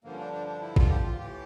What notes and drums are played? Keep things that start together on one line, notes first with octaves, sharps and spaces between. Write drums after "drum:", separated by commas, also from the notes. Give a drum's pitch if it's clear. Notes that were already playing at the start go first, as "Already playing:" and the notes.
G2 D3 F3 A#3
C#4
D4
D4
D4
E4
F4, drum: kick
G4
F4
A2 E3 G4